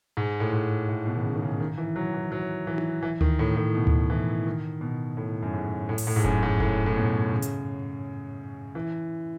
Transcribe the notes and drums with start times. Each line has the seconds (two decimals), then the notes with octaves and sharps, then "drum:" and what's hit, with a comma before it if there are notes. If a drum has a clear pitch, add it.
0.17 G#2
0.40 A2
0.53 G#2
0.89 A2
1.06 B2
1.16 D#3
1.24 C#3
1.35 D#3
1.42 C#3
1.53 C#3
1.60 D#3
1.78 E3
1.96 F#3
2.14 E3
2.32 F#3
2.67 E3
2.78 drum: tom D#4
3.03 E3
3.21 D#3, drum: tom D2
3.39 A2
3.56 A2
3.74 B2
3.87 drum: tom D2
4.10 E3
4.46 D#3
4.81 B2
5.17 A2
5.42 F#2
5.53 G#2
5.89 A2
5.98 drum: open hi-hat
6.07 A2
6.16 G#2
6.24 F#2, drum: kick F1
6.43 G#2
6.60 A2, drum: kick F1
6.86 A2
6.96 B2
7.32 C#3
7.42 drum: hi-hat
8.75 E3